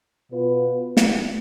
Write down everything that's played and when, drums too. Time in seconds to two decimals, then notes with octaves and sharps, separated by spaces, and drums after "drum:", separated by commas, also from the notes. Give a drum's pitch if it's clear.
0.30 B2 B3 F4 B4
0.97 drum: snare